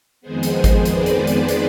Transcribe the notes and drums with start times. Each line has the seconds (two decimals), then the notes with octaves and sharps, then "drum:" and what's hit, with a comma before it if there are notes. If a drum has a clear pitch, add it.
0.21 F2 D#3 G#3 B3 G#4 C5
0.43 drum: hi-hat
0.64 drum: kick, hi-hat
0.86 B4 D5, drum: hi-hat
1.06 drum: hi-hat
1.27 drum: hi-hat
1.48 drum: hi-hat